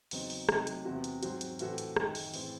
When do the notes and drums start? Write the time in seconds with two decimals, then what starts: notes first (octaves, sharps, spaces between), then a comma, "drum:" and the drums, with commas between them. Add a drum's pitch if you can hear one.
0.11 E2 C#3 F#3 C4 D#4, drum: open hi-hat
0.30 drum: open hi-hat
0.49 C3 F#3 A3 D#4, drum: rim click
0.67 drum: hi-hat
0.85 E2 C3 E3 C4 F#4
1.04 drum: hi-hat
1.23 G#2 F#3 C4 F#4, drum: hi-hat
1.41 drum: hi-hat
1.59 A2 E3 C4 F#4 A4, drum: hi-hat
1.78 drum: hi-hat
1.96 F#2 D#3 G#3, drum: rim click
2.15 drum: open hi-hat
2.34 A2 E3 C4 E4 G#4, drum: open hi-hat